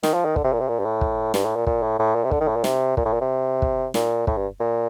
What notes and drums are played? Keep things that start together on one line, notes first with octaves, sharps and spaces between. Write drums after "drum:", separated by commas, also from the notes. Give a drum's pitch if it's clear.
D#3, drum: snare
F3
D#3
D3, drum: kick
C3
A#2
C3
A#2
G2
A2
drum: kick
G2, drum: snare
A2
A#2
A#2, drum: kick
A2
A2
A#2
C3
D3, drum: kick
D#3
A2
A#2
C3, drum: snare
A#2, drum: kick
A2
A#2
C3
drum: kick
A#2, drum: snare
A2, drum: kick
G2
A#2